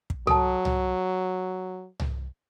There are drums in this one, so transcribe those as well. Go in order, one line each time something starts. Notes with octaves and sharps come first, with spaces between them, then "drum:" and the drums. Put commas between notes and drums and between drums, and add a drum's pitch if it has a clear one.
drum: kick
F#3 A4 A5, drum: tom C2
drum: tom C2
drum: tom C2